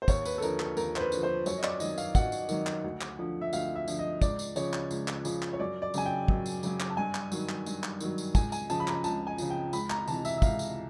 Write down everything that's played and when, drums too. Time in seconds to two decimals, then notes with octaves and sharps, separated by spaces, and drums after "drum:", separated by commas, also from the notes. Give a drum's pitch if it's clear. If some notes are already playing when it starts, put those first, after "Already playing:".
0.02 C5
0.08 D#2 C#5, drum: kick, tambourine
0.25 B4, drum: tambourine
0.38 A4
0.42 D3 F3 A#4, drum: tambourine
0.60 A4, drum: clap
0.77 D#2 A#4, drum: tambourine
0.96 C5, drum: clap
1.00 B4
1.12 D3 F3, drum: tambourine
1.23 C5
1.46 F#2 C#5, drum: tambourine
1.58 D#5
1.63 D5, drum: clap
1.80 D#3 F#3 D#5, drum: tambourine
1.98 F5, drum: tambourine
2.15 F#2 F#5, drum: kick, tambourine
2.32 drum: tambourine
2.49 D#3 F#3, drum: tambourine
2.67 drum: clap
2.84 D2
3.01 drum: clap
3.19 D3 F3
3.41 E5
3.53 D2 F5, drum: tambourine
3.75 E5
3.88 D3 F3, drum: tambourine
3.99 D#5
4.22 C#2 D5, drum: kick, tambourine
4.39 drum: tambourine
4.56 C#3 F3 C#5, drum: tambourine
4.73 drum: clap
4.91 C#2, drum: tambourine
5.08 drum: clap
5.25 C#3 F3, drum: tambourine
5.42 drum: clap
5.53 C#5
5.60 F#2 D5
5.82 D5
5.94 C#3 F#3 G#5, drum: tambourine
6.06 G5
6.28 F#2, drum: kick
6.46 drum: tambourine
6.63 C#3 F#3, drum: tambourine
6.80 drum: clap
6.90 A5
6.97 G2 G#5
7.15 drum: clap
7.32 D#3 F#3, drum: tambourine
7.49 drum: clap
7.66 G2, drum: tambourine
7.84 drum: clap
8.00 D#3 F#3, drum: tambourine
8.18 drum: tambourine
8.35 C#2 G#5, drum: kick, tambourine
8.52 G#5, drum: tambourine
8.70 C#3 F3 A5, drum: tambourine
8.80 B5
8.87 A#5, drum: clap
9.04 C#2 A5, drum: tambourine
9.27 G#5
9.38 C#3 F3, drum: tambourine
9.50 G5
9.73 C#2 B5, drum: tambourine
9.90 A#5, drum: clap
10.08 C3 E3 A5, drum: tambourine
10.25 E5, drum: tambourine
10.38 E5
10.42 C#2 F5, drum: kick, tambourine
10.59 drum: tambourine